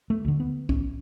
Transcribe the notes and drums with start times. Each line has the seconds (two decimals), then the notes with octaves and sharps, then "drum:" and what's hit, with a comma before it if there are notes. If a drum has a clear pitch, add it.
0.10 A3
0.25 D2 D3
0.40 B3
0.69 A1 C#4, drum: kick C2